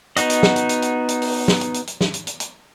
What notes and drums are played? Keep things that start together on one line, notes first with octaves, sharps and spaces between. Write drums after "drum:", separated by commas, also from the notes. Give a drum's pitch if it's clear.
B3 D#4 F#4 D#5, drum: hi-hat
drum: hi-hat
drum: snare
drum: hi-hat
drum: hi-hat
drum: hi-hat
drum: hi-hat
drum: open hi-hat
drum: snare
drum: hi-hat
drum: hi-hat
drum: hi-hat
drum: snare
drum: hi-hat
drum: hi-hat
drum: hi-hat